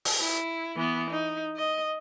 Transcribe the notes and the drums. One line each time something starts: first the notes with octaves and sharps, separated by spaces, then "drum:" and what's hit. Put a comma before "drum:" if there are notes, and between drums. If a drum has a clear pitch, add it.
drum: open hi-hat
E4
E3 B3
D#4
D#5